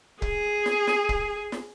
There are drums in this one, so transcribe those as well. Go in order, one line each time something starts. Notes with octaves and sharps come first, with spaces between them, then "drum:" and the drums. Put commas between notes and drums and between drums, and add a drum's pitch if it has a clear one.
G#4, drum: kick C#1
drum: snare
drum: snare
drum: kick C#1
drum: snare